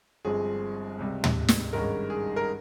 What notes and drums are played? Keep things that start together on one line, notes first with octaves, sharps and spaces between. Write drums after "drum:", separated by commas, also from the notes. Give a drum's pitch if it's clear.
G1 G2 F3 G#3 C4 G#4
C#2 C3 G3
drum: tom
drum: snare
G#1 G2 D#3 G#3 C#4 A#4
G#4
A#4